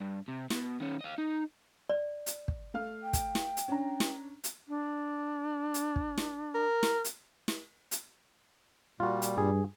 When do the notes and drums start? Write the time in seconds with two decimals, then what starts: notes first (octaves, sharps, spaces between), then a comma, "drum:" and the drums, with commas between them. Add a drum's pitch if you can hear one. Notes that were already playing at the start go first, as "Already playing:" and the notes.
0.01 G2
0.28 C3
0.50 B2, drum: snare
0.80 D#3 C#4
1.01 D#5 F5
1.18 D#4
1.90 D5
2.26 drum: hi-hat
2.48 drum: kick
2.74 A3 F5 F6
3.03 G5
3.13 drum: kick, hi-hat
3.35 drum: snare
3.57 drum: hi-hat
3.68 C#4 D4 A#5
4.00 drum: snare
4.44 drum: hi-hat
4.68 D4
5.74 drum: hi-hat
5.96 drum: kick
6.18 drum: snare
6.55 A#4
6.83 drum: snare
7.04 drum: hi-hat
7.48 drum: snare
7.91 drum: hi-hat
9.00 A#2 G3 F4 F#4
9.22 drum: hi-hat
9.38 G2 G#4